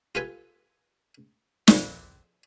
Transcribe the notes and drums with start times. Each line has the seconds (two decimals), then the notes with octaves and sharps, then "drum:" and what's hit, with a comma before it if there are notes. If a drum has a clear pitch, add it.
0.15 F4 G4 A4 B4 G#5
1.68 F2 A#2 G#4 C5 E5, drum: snare